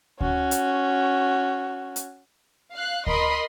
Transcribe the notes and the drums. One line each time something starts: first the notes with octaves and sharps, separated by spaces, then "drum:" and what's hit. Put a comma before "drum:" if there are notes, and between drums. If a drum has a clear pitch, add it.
C#4 F#4, drum: kick D2
drum: hi-hat
drum: hi-hat
F5 F#6
A#4 D#5 B5 C6, drum: kick D2